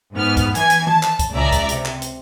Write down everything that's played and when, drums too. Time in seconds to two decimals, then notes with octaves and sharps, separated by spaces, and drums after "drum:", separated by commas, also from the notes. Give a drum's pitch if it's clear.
0.15 G#2 B3 F6
0.37 drum: kick, hi-hat
0.55 E3 G#5 G#6, drum: hi-hat
0.70 drum: hi-hat
0.87 A5, drum: tom D#3
1.03 drum: clap
1.19 drum: kick, hi-hat
1.32 C#2 C#3 D5 E5 A#5
1.52 drum: kick, hi-hat
1.69 C3, drum: hi-hat
1.85 drum: clap
2.02 drum: hi-hat